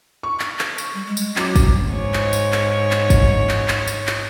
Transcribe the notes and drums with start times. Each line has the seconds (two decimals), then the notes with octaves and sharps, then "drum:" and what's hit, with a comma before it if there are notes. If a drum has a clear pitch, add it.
0.23 C#6
0.40 drum: clap
0.59 drum: clap
0.78 drum: tambourine
0.94 G3
1.06 G#3
1.17 drum: tambourine
1.36 F#3 C#4 D6, drum: clap
1.56 drum: kick, tambourine
1.88 G#2 C#5
2.14 drum: clap
2.33 drum: tambourine
2.52 drum: clap
2.91 drum: clap
3.10 drum: kick, tambourine
3.49 drum: clap
3.68 drum: clap
3.88 drum: tambourine
4.07 drum: clap